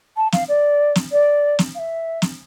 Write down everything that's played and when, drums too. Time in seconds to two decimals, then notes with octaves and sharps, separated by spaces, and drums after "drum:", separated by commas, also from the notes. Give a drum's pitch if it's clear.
0.16 A5
0.32 F5, drum: snare
0.48 D5
0.95 drum: snare
1.11 D5
1.59 drum: snare
1.75 F5
1.79 E5
2.22 drum: snare